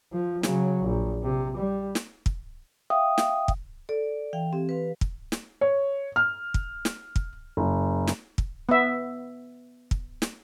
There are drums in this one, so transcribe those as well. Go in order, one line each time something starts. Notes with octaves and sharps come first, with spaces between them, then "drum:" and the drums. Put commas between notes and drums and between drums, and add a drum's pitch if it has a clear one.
F3
C#3 F#3, drum: snare
A#1
C3
G3
drum: snare
drum: kick
E5 F5 G5 D#6
drum: snare
drum: kick
A4 D5
E3 F5 G5
C4 G4
B4 F5
drum: kick
drum: snare
C#5
F6
drum: kick
drum: snare
drum: kick
F#1
drum: snare
drum: kick
B3 E5
drum: kick
drum: snare